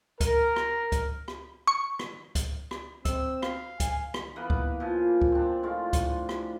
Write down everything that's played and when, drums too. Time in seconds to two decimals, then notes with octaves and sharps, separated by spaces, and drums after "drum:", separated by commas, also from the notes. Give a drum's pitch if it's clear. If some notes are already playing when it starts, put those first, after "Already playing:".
0.20 A#4, drum: kick C#2, hi-hat
0.56 drum: rim click
0.92 drum: kick C#2, hi-hat
1.28 drum: rim click
1.67 C#6
1.99 drum: rim click
2.35 drum: kick C#2, hi-hat
2.71 drum: rim click
3.05 C4 E6, drum: kick C#2, hi-hat
3.43 F5, drum: rim click
3.80 G#5, drum: kick C#2, hi-hat
4.14 drum: rim click
4.36 E3 A#3 B3 B4
4.50 drum: kick C#2
4.80 A#2 F3 G#5
5.22 drum: kick C#2
5.32 C4 D4
5.63 A2 G#3 F4
5.93 drum: kick C#2, hi-hat
6.29 drum: rim click